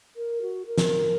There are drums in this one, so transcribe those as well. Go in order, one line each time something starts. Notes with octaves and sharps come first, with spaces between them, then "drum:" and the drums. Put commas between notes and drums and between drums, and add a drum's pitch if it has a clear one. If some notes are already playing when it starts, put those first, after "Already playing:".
A#4
F#4
A#4
drum: snare